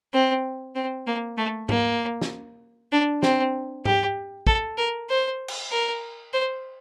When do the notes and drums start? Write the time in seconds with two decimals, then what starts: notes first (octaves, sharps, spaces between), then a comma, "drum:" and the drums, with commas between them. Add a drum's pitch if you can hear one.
0.13 C4
0.75 C4
1.07 A#3
1.37 A3
1.69 A#3, drum: tom G#2
2.21 drum: snare
2.92 D4
3.23 C4, drum: snare
3.85 G4, drum: tom G#2
4.47 A4, drum: kick
4.78 A#4
5.10 C5
5.48 drum: cymbal
5.71 A#4
6.33 C5